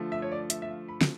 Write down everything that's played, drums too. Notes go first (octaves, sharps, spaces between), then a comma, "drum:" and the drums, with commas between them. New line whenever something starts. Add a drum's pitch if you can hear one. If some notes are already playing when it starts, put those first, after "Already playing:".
Already playing: D3 F3 A3
E5
C#5
D5
E5, drum: hi-hat
E5
F5
B5
drum: snare